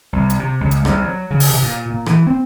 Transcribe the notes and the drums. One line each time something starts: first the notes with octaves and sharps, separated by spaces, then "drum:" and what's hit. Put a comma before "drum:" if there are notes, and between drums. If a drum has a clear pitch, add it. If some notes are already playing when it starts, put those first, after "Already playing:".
C2
drum: hi-hat
C3
C#2
drum: hi-hat
C2, drum: rim click
F#3
C#3
drum: open hi-hat
C3
A#2
A#2
E3, drum: rim click
C4